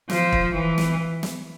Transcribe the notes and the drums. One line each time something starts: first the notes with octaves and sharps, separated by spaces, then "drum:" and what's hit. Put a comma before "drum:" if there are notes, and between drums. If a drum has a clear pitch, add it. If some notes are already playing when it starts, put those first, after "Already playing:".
F3, drum: snare
drum: kick
E3
drum: snare
drum: snare